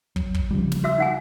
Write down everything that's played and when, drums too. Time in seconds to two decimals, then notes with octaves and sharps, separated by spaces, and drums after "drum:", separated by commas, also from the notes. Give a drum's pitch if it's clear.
0.16 F#3, drum: kick
0.34 drum: kick
0.51 C#3 F3 G3
0.72 drum: snare
0.84 F#4 E5 E6
0.98 D#4 F#5 G#5